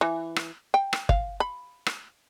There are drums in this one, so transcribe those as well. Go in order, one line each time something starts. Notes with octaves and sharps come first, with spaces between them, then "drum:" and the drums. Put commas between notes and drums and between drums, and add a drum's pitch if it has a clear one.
E3
drum: rim click
G5
drum: rim click
F5, drum: kick
B5
drum: rim click